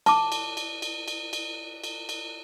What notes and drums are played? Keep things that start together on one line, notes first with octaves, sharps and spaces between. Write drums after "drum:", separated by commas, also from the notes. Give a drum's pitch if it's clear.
A5 D6, drum: cymbal
drum: cymbal
drum: cymbal
drum: cymbal
drum: cymbal
drum: cymbal
drum: cymbal
drum: cymbal